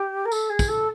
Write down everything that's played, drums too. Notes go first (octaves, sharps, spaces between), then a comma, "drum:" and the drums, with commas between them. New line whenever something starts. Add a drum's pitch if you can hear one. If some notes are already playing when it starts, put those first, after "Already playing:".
Already playing: G4
A#4
A4, drum: tambourine
G#4
drum: kick, tambourine
A4